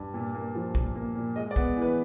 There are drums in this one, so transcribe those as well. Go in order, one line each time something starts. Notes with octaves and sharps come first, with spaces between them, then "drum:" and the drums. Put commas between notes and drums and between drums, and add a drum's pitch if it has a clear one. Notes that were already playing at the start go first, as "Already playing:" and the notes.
Already playing: G2
A#2
A#3
F3
A#2, drum: kick
A#3
A#2
G#3 D#5
D5
B3, drum: kick
E3
B4